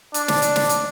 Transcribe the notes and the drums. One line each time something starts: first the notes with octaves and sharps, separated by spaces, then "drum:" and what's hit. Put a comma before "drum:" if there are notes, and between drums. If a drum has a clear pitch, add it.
D4, drum: hi-hat
drum: snare
drum: hi-hat
drum: snare
drum: hi-hat